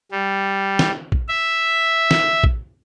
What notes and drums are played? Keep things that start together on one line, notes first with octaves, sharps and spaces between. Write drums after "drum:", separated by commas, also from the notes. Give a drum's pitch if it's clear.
G3
drum: snare
drum: kick A#1
E5
drum: snare
drum: kick A#1